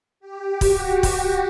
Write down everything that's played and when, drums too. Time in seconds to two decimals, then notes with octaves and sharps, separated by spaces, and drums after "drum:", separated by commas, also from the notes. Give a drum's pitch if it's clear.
0.20 G4
0.61 F#4, drum: kick, open hi-hat
1.03 drum: kick, open hi-hat